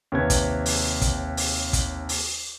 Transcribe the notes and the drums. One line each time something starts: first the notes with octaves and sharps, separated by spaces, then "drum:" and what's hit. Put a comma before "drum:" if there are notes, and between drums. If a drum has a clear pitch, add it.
D#2 C3 B4 C#5 G#6
drum: kick, hi-hat
drum: open hi-hat
drum: kick, hi-hat
drum: open hi-hat
drum: kick, hi-hat
drum: open hi-hat